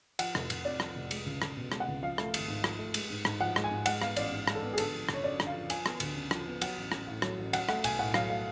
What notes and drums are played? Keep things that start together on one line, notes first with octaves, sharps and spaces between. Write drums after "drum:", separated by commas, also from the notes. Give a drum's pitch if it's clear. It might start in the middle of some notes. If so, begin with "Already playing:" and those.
F3 F#5, drum: cymbal
F1, drum: rim click
F1, drum: cymbal
F2 D5
F3, drum: rim click
F1
G#3, drum: cymbal
C#2
C#2, drum: rim click
B2
G#3, drum: rim click
F#5
C#2
F3 F5
A3, drum: rim click
G#1, drum: cymbal
G#2
F3, drum: rim click
A3
G#3, drum: cymbal
G#2
G#2, drum: rim click
F3 F#5
G#3, drum: rim click
G#5
G#2
G#3 F#5, drum: cymbal
B3 F5, drum: rim click
A1 D5, drum: cymbal
G#2
G#3, drum: rim click
A4
B3
G#4
D3 A4, drum: cymbal
F3
F#1, drum: rim click
C#5
F#2 D5
D3, drum: rim click
F5
F3
F3 G#5, drum: cymbal
B3, drum: rim click
D2, drum: cymbal
C#3
F3, drum: rim click
B3
F#3 F#5, drum: cymbal
A1
A1, drum: rim click
A2
F#3, drum: rim click
A1
F#3 F#5, drum: cymbal
A3 F#5, drum: rim click
B1 G#5, drum: cymbal
A2 F#5
F#3 F5, drum: rim click
A3 F5